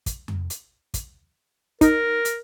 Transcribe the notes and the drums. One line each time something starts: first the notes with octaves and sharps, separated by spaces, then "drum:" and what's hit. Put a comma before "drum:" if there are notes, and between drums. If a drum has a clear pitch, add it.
drum: kick, hi-hat
drum: tom F2
drum: hi-hat
drum: kick, hi-hat
D#4 A#4, drum: kick, hi-hat
drum: hi-hat